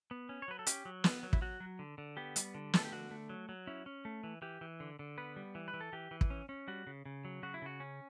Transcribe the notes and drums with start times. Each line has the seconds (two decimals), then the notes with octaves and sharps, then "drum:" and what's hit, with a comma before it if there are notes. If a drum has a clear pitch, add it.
0.11 B3
0.29 C#4
0.42 C#5
0.48 F#3 B4
0.59 A4
0.67 C#4 G4, drum: hi-hat
0.85 F#3
1.04 B3, drum: snare
1.23 F#3
1.33 E4, drum: kick
1.41 F#3 F#4
1.60 F#3
1.79 D3
1.98 D3
2.17 B3 G4
2.36 G3, drum: hi-hat
2.55 D3
2.74 A3 A4, drum: snare
2.85 G4
2.92 D3 F#4
3.11 A3
3.29 F#3
3.49 F#3
3.67 C#4 E4
3.86 C#4
4.05 A3
4.24 E3
4.42 E3 G4
4.61 E3
4.80 D3
4.99 D3
5.18 B3 B4
5.36 G3
5.55 E3
5.68 B4
5.74 E3
5.81 A4
5.93 E3 G4
6.11 E3
6.21 drum: kick
6.30 C#4
6.49 C#4
6.68 G3 F#4
6.87 C#3
7.05 C#3
7.25 F#3
7.43 C#3 F#4
7.54 E4
7.62 C#3 F#4
7.80 C#4